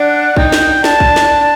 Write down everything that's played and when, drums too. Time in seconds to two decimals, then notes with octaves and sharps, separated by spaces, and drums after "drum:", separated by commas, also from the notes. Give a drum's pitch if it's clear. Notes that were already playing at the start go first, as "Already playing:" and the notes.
Already playing: D4 F#5
0.37 D#4 G5, drum: kick
0.52 drum: snare
0.84 D4 A5, drum: snare
1.00 drum: kick
1.16 drum: snare